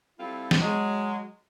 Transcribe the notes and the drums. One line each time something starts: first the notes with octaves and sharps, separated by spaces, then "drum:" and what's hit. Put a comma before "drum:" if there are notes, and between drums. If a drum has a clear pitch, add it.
G3 C4 E4 F4 A4
drum: snare
F#3 G#3